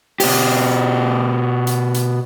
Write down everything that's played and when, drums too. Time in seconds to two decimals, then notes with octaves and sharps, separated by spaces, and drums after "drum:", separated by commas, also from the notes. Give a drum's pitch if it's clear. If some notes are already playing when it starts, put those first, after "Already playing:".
0.20 B2 G4, drum: open hi-hat
1.67 drum: hi-hat
1.94 drum: hi-hat